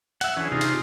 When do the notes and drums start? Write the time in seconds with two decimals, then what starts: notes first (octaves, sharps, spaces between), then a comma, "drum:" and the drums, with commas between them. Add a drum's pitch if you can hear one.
0.21 E5 F#5, drum: hi-hat
0.37 E3 C#4 D4 G#4
0.52 C3 D#4 F4
0.61 drum: hi-hat